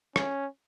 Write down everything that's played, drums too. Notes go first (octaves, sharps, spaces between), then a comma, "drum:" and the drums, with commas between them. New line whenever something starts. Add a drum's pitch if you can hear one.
C#4, drum: rim click